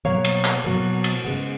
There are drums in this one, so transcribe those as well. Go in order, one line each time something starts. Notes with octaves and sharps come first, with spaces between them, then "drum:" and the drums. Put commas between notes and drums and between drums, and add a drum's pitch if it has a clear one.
B2 F#3 A#3 C#5 F5
drum: cymbal
drum: clap
B2 F#3 A#3
drum: cymbal
C#3 G#3 B3